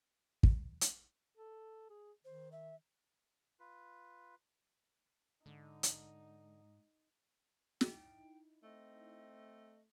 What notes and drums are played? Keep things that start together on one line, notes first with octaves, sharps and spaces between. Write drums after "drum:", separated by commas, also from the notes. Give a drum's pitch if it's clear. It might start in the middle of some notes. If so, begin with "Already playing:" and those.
drum: kick
drum: hi-hat
A4
G#4
D#3 C5
E5
F4 B4
G#2 D3 D#4
drum: hi-hat
D#4 E4 G5, drum: snare
A3 C4 D#5